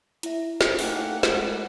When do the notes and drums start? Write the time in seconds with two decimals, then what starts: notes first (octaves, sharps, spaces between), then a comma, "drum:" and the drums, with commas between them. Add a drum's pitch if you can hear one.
0.23 E4 E5, drum: hi-hat
0.61 drum: snare
0.79 A3 A#3 C#4 D#4 F#5 G5, drum: open hi-hat
1.23 G#3, drum: snare